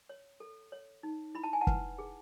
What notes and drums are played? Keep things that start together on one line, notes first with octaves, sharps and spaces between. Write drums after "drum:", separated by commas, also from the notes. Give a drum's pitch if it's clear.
C#5
A4
C#5
D#4
E4 B5
A5
G#5
F#5 A5
B4, drum: kick
G#4